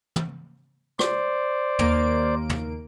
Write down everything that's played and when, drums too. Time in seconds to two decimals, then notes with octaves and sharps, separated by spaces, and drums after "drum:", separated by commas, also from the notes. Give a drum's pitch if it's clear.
0.16 drum: tom
0.99 C5 D5, drum: rim click
1.79 D#2 A#3 D7, drum: tom
2.50 drum: tom